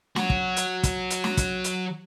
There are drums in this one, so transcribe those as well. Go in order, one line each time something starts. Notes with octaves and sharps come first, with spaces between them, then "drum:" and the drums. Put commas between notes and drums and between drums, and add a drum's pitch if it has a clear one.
F#3 F#4, drum: snare
drum: kick
drum: hi-hat
drum: kick, hi-hat
drum: hi-hat
drum: snare
drum: kick, hi-hat
drum: hi-hat